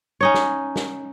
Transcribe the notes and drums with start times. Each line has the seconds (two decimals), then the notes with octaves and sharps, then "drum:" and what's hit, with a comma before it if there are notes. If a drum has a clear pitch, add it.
0.21 C#4 D#4 C#5
0.34 drum: snare
0.76 drum: snare